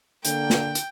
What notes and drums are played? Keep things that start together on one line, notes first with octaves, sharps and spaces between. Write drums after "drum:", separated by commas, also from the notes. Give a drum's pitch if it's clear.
D3 A#3 G5, drum: hi-hat
drum: snare
drum: hi-hat